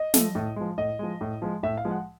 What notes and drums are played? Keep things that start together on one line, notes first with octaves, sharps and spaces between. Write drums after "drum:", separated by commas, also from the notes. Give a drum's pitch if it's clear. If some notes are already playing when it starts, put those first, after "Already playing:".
Already playing: D#5
F3 A3, drum: snare
A2
F3 G#3
A2 D#5
F3 G#3
A2
F3 G#3
A2 E5
F5
F3 G#3
F#5